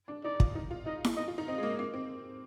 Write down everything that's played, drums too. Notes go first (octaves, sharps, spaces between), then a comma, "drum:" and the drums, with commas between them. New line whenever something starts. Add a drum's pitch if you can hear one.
D4
D#4 D5
F4, drum: kick
D#4
F4
D#4 D#5
drum: snare E4
D#4 D#5
F4
D#4
C4 D#5
G#3
A#3
A#3
C4